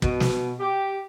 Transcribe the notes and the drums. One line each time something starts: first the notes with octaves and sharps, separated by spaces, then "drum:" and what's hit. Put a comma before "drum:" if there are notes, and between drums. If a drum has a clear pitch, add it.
B2, drum: kick
drum: snare
G4